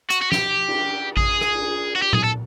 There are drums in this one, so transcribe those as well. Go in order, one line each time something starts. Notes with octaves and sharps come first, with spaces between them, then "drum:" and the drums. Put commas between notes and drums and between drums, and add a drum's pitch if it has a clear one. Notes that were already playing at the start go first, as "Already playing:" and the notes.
F#4, drum: hi-hat
F#4
G4, drum: snare
drum: cymbal
G#4, drum: kick A1
drum: rim click
drum: cymbal
F#4
G4
G#4, drum: tom A#2
A4